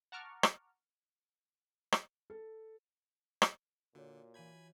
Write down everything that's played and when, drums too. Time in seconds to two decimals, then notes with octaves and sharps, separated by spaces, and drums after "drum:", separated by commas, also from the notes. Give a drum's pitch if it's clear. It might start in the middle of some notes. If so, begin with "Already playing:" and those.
0.12 F#5 A5 A#5 C#6 D6 F6
0.43 drum: rim click
1.92 drum: rim click
2.30 A4
3.42 drum: rim click
3.95 A#2 D3 F#4 C#5
4.34 E3 F4 G#5 B5 G6 G#6